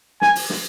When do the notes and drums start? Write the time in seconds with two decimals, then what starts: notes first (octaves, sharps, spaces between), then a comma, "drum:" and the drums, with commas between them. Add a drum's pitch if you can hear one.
0.22 G#5, drum: snare
0.36 drum: open hi-hat
0.50 drum: snare